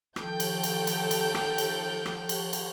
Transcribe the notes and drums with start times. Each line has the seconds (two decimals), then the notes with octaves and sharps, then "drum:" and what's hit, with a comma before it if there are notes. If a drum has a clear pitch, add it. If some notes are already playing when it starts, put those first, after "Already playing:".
0.16 D#3 F3 A4 G5 G6, drum: rim click
0.40 drum: cymbal
0.63 drum: cymbal
0.87 drum: cymbal
1.11 drum: cymbal
1.35 drum: rim click
1.58 drum: cymbal
2.06 drum: rim click
2.29 drum: cymbal
2.53 drum: cymbal